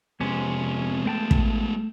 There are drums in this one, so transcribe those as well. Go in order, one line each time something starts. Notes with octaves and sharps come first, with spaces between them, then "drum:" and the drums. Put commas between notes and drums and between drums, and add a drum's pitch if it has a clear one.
F2 C3 G#3 B3 C#4
A3 G5 A5
drum: kick